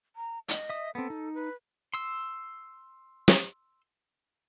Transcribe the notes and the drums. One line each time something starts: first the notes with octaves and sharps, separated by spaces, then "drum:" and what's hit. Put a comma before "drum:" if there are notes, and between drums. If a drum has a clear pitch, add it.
A#5
D#5, drum: hi-hat
E5 D#6
B3 C4 A4
D#4
B4
C6 E6
drum: snare